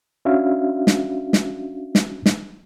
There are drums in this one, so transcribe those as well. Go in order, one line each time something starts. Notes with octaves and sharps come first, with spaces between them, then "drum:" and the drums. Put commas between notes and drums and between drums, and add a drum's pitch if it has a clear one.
C#4 D4 F#4 E5 F5
drum: snare
drum: snare
drum: snare
drum: snare